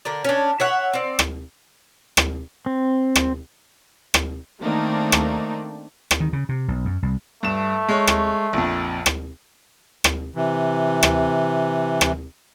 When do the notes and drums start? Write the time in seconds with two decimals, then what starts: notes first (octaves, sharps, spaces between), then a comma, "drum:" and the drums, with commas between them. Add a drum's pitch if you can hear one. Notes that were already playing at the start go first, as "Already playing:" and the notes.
0.05 D3 A#4 D5
0.25 C#4 D4
0.60 C#5 E5 F#5
0.94 C4 D5
1.19 drum: rim click
2.17 drum: rim click
2.66 C4
3.15 drum: rim click
4.14 drum: rim click
4.62 D#3 A3 A#3 C4 D4 D#4
5.12 drum: rim click
6.11 drum: rim click
6.20 D#3
6.33 C#3
6.49 C3
6.68 B1
6.85 F#2
7.03 C2
7.43 G2 A3 E7
7.89 G#3 C#5
8.07 drum: rim click
8.53 A#1 F2
9.06 drum: rim click
10.04 drum: rim click
10.35 C3 E3
11.03 drum: rim click
12.01 drum: rim click